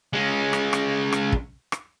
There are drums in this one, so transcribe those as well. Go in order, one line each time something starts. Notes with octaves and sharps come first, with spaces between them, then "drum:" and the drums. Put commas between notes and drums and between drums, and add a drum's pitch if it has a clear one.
G#3 C#4
drum: rim click
drum: rim click
drum: rim click
drum: kick
drum: rim click